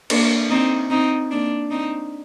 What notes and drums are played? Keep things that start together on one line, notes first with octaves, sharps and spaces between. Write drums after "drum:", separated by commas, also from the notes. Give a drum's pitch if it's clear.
A#3 D4, drum: cymbal
C4 D#4
C4 D#4
A#3 D4
C4 D#4